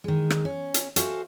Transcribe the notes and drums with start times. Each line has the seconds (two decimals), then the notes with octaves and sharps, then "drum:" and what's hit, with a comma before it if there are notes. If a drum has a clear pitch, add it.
0.04 D#3 G#3
0.30 drum: rim click
0.45 C#4
0.74 drum: hi-hat
0.96 F#4 A4 C5 E5 F5 G#5, drum: hi-hat